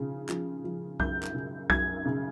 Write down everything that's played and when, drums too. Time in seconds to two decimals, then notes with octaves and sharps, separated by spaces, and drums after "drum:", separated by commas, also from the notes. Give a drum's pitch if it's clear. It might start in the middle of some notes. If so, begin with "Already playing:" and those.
Already playing: C#3 F3
0.29 F3, drum: clap
0.64 F3
1.00 F#2 G6, drum: kick B1
1.23 drum: clap
1.34 C#3
1.70 F#2 G#6, drum: kick B1
2.05 C#3